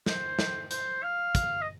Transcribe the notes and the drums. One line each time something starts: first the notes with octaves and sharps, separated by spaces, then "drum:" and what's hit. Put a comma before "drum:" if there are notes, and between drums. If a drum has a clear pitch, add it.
C5, drum: snare
drum: snare
C5, drum: hi-hat
F5
drum: kick, hi-hat
D#5